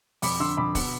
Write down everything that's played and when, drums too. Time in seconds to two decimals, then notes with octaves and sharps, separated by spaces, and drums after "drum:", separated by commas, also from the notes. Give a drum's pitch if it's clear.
0.22 F2 B5 D6, drum: open hi-hat
0.40 D3 C6 E6
0.57 F2 B5 D6
0.75 B2, drum: kick, open hi-hat